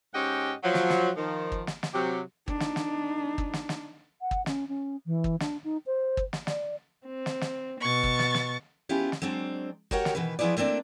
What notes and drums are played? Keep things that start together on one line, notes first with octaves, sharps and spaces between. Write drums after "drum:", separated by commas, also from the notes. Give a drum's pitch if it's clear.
G#2 C#4 G4 D#5 F#5 G5
F3 F#3
drum: snare
drum: snare
D#3 F3
drum: kick
drum: snare
drum: snare
C3 F#3 G4
D4 D#4, drum: kick
drum: snare
drum: snare
drum: kick
drum: snare
drum: snare
F#5
drum: kick
C#4, drum: snare
C#4
E3
drum: kick
D4, drum: snare
D#4
C5
drum: kick
drum: snare
D5, drum: snare
C4
drum: snare
drum: snare
B2 C#6 A6
drum: kick
drum: snare
drum: snare
B3 C#4 E4 F4 G4 G#4
drum: snare
F#3 G#3 C4 D4
F#4 G4 A#4 C#5 F#5 G5, drum: kick
drum: snare
B2 D#3 E3 B4
F3 B3 E4 G#4 B4 D5
A3 A#3 C4 D4 D5